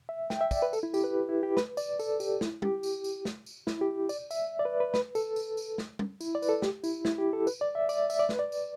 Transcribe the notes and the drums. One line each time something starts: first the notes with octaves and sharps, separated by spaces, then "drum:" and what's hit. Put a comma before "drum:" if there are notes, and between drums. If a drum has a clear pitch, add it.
E5
G5, drum: snare
E5
D5, drum: kick, tambourine
B4
A4, drum: tambourine
E4
G4, drum: tambourine
B4
E4
G4
B4, drum: snare
D5, drum: tambourine
A4, drum: tambourine
G4, drum: tambourine
E4, drum: snare
G4, drum: tom
drum: tambourine
drum: tambourine
drum: snare
drum: tambourine
E4, drum: snare
G4
D5, drum: tambourine
E5, drum: tambourine
D5
B4
B4
B4, drum: snare
A4, drum: tambourine
drum: tambourine
drum: tambourine
drum: snare
drum: tom
E4, drum: tambourine
D5
B4, drum: tambourine
A4
G4, drum: snare
E4, drum: tambourine
E4, drum: snare
G4
A4
B4, drum: tambourine
D5
E5
D5, drum: tambourine
E5, drum: tambourine
D5
B4, drum: snare
D5
drum: tambourine